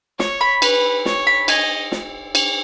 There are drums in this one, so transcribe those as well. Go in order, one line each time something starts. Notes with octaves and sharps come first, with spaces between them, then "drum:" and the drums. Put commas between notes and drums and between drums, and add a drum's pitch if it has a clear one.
C#5 C#6, drum: snare
B5
B4, drum: cymbal
C#5, drum: snare
B5
D#5 G#5, drum: cymbal
drum: snare
drum: cymbal